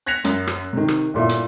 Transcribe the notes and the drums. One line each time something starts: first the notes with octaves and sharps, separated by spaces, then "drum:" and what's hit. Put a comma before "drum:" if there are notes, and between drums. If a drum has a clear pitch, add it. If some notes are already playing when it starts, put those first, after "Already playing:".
F#6 G#6 A#6 B6 C#7 F7
F#2, drum: hi-hat
drum: rim click
C3 D#3
drum: rim click
G1 A#2 E4
drum: hi-hat